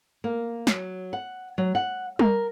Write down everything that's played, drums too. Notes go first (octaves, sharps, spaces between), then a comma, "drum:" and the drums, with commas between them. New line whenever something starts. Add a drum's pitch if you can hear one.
A#3
F#3, drum: snare
F#5
F#3
F#5
A#4, drum: tom G3